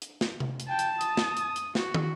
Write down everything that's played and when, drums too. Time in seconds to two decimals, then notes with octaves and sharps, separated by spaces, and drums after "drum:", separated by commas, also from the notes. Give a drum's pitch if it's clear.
0.02 drum: hi-hat
0.21 drum: snare
0.40 drum: tom C3
0.60 drum: hi-hat
0.69 G5 A5
0.79 drum: hi-hat
1.01 D#6, drum: hi-hat
1.17 drum: snare
1.37 drum: hi-hat
1.56 drum: hi-hat
1.75 F#4, drum: snare
1.94 drum: tom